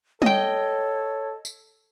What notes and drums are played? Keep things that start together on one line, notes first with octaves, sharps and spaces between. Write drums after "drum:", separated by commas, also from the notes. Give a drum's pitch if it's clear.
A4 C#5 D#5 G5, drum: tom G3
drum: tambourine